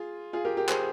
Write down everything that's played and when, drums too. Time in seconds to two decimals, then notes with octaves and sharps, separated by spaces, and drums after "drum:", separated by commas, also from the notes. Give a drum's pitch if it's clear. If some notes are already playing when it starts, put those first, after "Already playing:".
Already playing: F4 G#4
0.33 F4 G#4
0.45 G4 A#4
0.57 G4 A#4
0.69 G#4 C5, drum: clap